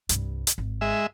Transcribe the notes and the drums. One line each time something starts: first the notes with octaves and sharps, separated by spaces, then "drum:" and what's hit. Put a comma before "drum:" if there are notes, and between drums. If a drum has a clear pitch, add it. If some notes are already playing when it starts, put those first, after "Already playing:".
C2 G2, drum: hi-hat
drum: hi-hat
G#1
G#3 E5